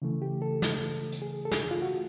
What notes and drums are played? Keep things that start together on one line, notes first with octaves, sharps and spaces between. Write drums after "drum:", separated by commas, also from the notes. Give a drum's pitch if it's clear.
C#3 E3 A3
G4
A4
drum: snare
drum: hi-hat
G#4
A4
G#4, drum: snare
F4
F#4